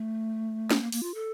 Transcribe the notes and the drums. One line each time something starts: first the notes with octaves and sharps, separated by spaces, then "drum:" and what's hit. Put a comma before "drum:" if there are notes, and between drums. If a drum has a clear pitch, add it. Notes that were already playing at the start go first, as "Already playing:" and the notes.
Already playing: A3
drum: snare
A#3
A#3, drum: open hi-hat
F4
A4